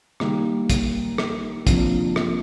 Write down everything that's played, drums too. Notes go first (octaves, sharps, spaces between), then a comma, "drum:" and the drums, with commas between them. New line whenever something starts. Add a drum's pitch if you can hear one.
D#3 G3 A#3, drum: rim click
drum: kick, hi-hat
drum: rim click
F2 C3 F3 A#3 D4, drum: kick, hi-hat
drum: rim click